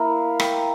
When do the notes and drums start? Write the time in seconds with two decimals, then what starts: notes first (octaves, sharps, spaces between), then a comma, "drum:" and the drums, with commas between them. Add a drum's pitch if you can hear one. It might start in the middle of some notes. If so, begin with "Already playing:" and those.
Already playing: A#3 E4 F5
0.40 G5, drum: rim click